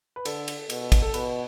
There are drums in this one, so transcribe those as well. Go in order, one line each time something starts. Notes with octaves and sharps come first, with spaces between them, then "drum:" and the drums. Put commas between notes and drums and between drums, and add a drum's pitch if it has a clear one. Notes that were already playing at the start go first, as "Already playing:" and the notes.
B4
D3 A4, drum: cymbal
drum: cymbal
B2, drum: cymbal
drum: kick, cymbal
A4
B2 B4, drum: cymbal